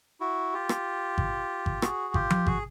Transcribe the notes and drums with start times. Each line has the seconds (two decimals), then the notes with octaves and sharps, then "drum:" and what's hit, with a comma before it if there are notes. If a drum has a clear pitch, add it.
0.20 E4 F#4
0.54 F4 G4
0.69 drum: rim click
1.18 drum: kick G#1
1.66 drum: kick G#1
1.82 F#4 G#4, drum: rim click
2.14 F4 G4, drum: kick G#1
2.30 drum: tom F3
2.46 F#4 G#4, drum: kick G#1